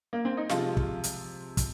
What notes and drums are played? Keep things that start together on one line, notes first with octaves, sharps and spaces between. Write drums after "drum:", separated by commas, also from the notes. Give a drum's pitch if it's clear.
A#3
C4
D#4
C3 F3 G#3 F4, drum: snare
drum: kick
drum: hi-hat
drum: kick, hi-hat